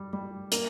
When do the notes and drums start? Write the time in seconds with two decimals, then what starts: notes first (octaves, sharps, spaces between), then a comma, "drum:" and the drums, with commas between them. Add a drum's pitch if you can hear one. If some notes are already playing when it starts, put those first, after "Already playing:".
Already playing: G3
0.13 G3
0.52 A#3, drum: hi-hat